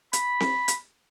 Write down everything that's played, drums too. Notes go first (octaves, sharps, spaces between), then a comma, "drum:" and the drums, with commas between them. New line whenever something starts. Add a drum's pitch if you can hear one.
B5, drum: hi-hat
drum: snare C4
drum: hi-hat